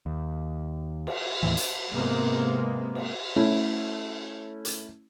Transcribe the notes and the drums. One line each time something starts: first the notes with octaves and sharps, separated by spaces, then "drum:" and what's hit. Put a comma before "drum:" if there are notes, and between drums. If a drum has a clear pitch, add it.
D#2
drum: cymbal
D#2 A2 E3
drum: hi-hat
G#2 C3 G#3 A#3 B3
drum: cymbal
A3 C#4 E4
drum: hi-hat